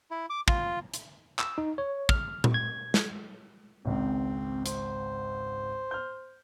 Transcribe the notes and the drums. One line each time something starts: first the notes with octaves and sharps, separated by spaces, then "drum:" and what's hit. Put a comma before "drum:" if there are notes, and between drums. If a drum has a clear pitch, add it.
E4
D6
F4, drum: kick
drum: hi-hat
E6, drum: clap
D#4
C#5
F6, drum: kick
drum: tom A#2
G#6
drum: snare
G#1 C#2 G#2 C4
C5, drum: hi-hat
F6 G6